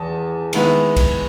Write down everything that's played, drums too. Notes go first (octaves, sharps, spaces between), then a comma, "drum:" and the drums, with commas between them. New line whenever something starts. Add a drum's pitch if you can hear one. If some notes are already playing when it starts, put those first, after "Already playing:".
Already playing: E2 A5
D#3 G#3 B3 E4, drum: cymbal
drum: kick, cymbal